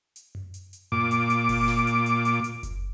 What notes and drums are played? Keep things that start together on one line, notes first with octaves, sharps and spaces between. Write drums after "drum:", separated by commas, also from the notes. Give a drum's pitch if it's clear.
drum: hi-hat
drum: tom F#2
drum: hi-hat
drum: hi-hat
A#2 D6, drum: tom F#2
drum: hi-hat
drum: hi-hat
drum: kick F#1, open hi-hat
drum: snare
drum: hi-hat
drum: hi-hat
drum: hi-hat
drum: hi-hat
drum: kick F#1, hi-hat